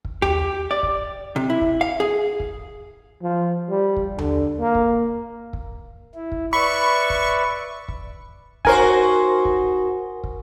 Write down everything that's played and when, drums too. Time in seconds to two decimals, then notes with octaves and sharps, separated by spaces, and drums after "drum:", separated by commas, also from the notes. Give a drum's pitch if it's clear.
0.05 drum: kick
0.22 G4, drum: tom D#2
0.71 D5
0.83 drum: kick
1.36 C3
1.50 E4
1.61 drum: kick
1.81 F5
2.00 G#4
2.40 drum: kick
3.23 F3
3.69 G3
3.96 drum: kick
4.18 D3, drum: tom D#2
4.60 A#3
4.75 drum: kick
5.53 drum: kick
6.15 E4
6.32 drum: kick
6.53 B4 D5 E5 B5 C#6
7.10 drum: kick
7.88 drum: kick
8.65 D#4 F#4 A#4 C5 G#5, drum: kick
9.45 drum: kick
10.24 drum: kick